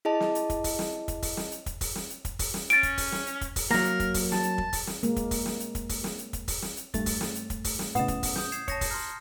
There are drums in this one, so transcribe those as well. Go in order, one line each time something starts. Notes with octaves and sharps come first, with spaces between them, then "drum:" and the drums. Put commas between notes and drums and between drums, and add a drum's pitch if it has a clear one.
E4 G#4 D#5 A5
drum: snare
drum: hi-hat
drum: kick, hi-hat
drum: kick, open hi-hat
drum: snare
drum: kick, hi-hat
drum: kick, open hi-hat
drum: snare
drum: hi-hat
drum: kick, hi-hat
drum: kick, open hi-hat
drum: snare
drum: hi-hat
drum: kick, hi-hat
drum: kick, open hi-hat
drum: snare
C#4 A6 D7, drum: hi-hat
drum: kick, hi-hat
drum: kick, open hi-hat
drum: snare
drum: hi-hat
drum: kick, hi-hat
drum: kick, open hi-hat
F#3 A#3 A#4 A#5 A#6, drum: snare
drum: hi-hat
drum: kick, hi-hat
drum: kick, open hi-hat
A5, drum: snare
drum: hi-hat
drum: kick
drum: kick, open hi-hat
drum: snare
G#3 A#3, drum: hi-hat
drum: kick, hi-hat
drum: kick, open hi-hat
drum: snare
drum: hi-hat
drum: kick, hi-hat
drum: kick, open hi-hat
drum: snare
drum: hi-hat
drum: kick, hi-hat
drum: kick, open hi-hat
drum: snare
drum: hi-hat
G2 A3 A6, drum: kick, hi-hat
drum: kick, open hi-hat
drum: snare
drum: hi-hat
drum: kick, hi-hat
drum: kick, open hi-hat
drum: snare
A2 C#3 B3 B4 D#5 F#5 D#6 E7, drum: hi-hat
drum: kick, hi-hat
drum: kick, open hi-hat
D#6 G6, drum: snare
G#6 C7 E7, drum: hi-hat
C#5 A5 A#6 C#7, drum: kick, hi-hat
drum: kick, open hi-hat
A#5 C6 F6